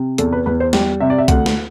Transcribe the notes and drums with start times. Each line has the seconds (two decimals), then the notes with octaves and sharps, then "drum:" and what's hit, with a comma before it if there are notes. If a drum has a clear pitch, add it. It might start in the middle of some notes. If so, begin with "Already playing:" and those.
Already playing: C3
0.18 E2 A4, drum: hi-hat
0.33 B4
0.46 E2 B4
0.60 C5
0.73 G3 D5, drum: snare
1.00 C3 E5
1.10 D5
1.18 E5
1.28 D2 F#5, drum: kick C2, hi-hat
1.46 drum: snare